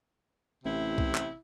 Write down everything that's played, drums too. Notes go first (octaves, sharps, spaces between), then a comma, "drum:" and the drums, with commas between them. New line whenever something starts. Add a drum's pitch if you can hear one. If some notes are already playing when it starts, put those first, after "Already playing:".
A1 C3 E4
drum: kick
drum: clap